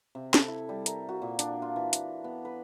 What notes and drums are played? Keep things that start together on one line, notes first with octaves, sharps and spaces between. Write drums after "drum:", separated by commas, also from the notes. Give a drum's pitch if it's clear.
C3
A4, drum: snare
E4
G3
A#4, drum: hi-hat
F#4
A#2
D4, drum: hi-hat
F4
E3
drum: hi-hat
B3
B4